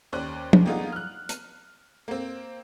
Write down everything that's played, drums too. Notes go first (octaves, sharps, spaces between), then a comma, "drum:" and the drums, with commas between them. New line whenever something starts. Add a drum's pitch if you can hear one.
D#2 C#4 C5 D5 F#6
drum: tom
A#3 B3 D4 D#4 F4 G#4
F6 F#6
drum: hi-hat
A#3 C4